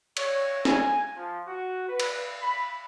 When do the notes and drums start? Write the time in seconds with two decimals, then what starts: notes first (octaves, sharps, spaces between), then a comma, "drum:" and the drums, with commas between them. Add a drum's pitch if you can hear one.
0.17 C#5, drum: cymbal
0.65 G#5, drum: snare
1.15 F3
1.47 F#4
1.87 B4
2.00 drum: cymbal
2.41 B5